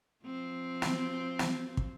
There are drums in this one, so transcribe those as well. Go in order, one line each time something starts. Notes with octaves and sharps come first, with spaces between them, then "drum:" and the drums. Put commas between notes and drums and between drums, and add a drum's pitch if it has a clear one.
F3 C4
drum: snare
drum: snare
drum: kick